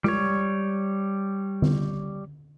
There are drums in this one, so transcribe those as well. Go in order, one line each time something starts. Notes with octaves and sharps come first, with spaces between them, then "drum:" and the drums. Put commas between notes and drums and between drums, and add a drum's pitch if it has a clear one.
G3 C#5, drum: tom G#3
drum: tom D3